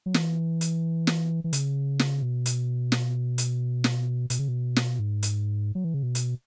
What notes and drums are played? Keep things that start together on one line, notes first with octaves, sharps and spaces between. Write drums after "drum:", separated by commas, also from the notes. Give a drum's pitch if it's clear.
F#3
E3, drum: snare
drum: hi-hat
drum: snare
E3
C#3, drum: hi-hat
drum: snare
B2
drum: hi-hat
drum: snare
drum: hi-hat
drum: snare
B2, drum: hi-hat
C#3
B2
drum: snare
G#2
drum: hi-hat
F#3
E3
C#3
B2
drum: hi-hat